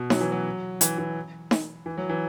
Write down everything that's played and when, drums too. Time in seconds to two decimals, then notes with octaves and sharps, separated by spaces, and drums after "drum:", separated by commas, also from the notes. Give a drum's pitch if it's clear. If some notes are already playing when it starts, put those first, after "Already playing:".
Already playing: B2
0.10 F#3, drum: snare D#4
0.21 E3
0.32 F#3
0.81 E3, drum: hi-hat
0.98 E3
1.51 drum: snare D#4
1.86 E3
1.97 F#3
2.09 E3